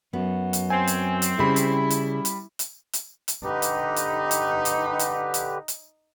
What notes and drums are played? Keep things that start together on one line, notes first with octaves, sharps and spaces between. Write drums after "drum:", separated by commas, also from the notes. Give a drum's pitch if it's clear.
F#2 B3
drum: hi-hat
C4 G#5
drum: hi-hat
drum: hi-hat
C#3 G3 E4 B5
drum: hi-hat
drum: hi-hat
drum: hi-hat
drum: hi-hat
drum: hi-hat
drum: hi-hat
D3 D#4 G4 B4
drum: hi-hat
drum: hi-hat
drum: hi-hat
drum: hi-hat
drum: hi-hat
drum: hi-hat
drum: hi-hat